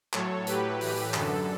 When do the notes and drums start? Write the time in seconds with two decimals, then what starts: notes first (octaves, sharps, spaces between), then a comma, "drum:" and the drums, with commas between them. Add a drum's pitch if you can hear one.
0.13 A2 F#3 A4 C#5, drum: clap
0.47 A2 F#3 G4 B4, drum: hi-hat
0.81 A2 E3, drum: open hi-hat
1.14 F#2 D3 F#3 A4, drum: clap